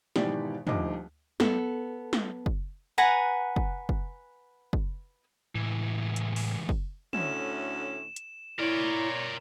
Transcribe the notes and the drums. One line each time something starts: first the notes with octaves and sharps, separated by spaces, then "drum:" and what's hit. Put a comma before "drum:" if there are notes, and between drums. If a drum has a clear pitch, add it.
G#1 B2 D#3 E3 G4 D5, drum: snare
D#1 D2 D#3 F3 D#5 D6, drum: tom
B3 A4, drum: snare
drum: snare
drum: kick
B4 F#5 G#5 A#5
drum: kick
drum: kick
drum: kick
C#2 A2 E3
drum: hi-hat
drum: open hi-hat
drum: kick
D2 A2 C#4 E7, drum: tom
drum: hi-hat
E4 A#4 C#5 D5